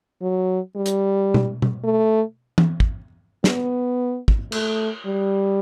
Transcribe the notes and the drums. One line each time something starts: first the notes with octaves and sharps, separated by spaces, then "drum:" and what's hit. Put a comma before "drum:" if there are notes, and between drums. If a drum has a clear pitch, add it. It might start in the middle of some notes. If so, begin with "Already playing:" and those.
F#3
G3
drum: hi-hat
drum: tom B2
drum: tom B2
A3
drum: tom
drum: kick
B3, drum: snare
drum: kick
A3, drum: cymbal
G3